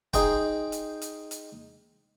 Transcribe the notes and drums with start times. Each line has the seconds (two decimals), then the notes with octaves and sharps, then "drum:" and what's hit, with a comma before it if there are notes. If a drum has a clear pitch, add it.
0.13 D#4 G#4 C5 G5, drum: kick, hi-hat
0.72 drum: hi-hat
1.02 drum: hi-hat
1.31 drum: hi-hat